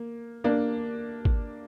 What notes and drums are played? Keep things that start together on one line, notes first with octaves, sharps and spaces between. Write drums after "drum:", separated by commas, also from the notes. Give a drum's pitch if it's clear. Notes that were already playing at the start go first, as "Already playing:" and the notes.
Already playing: A#3
A#3 D4
drum: kick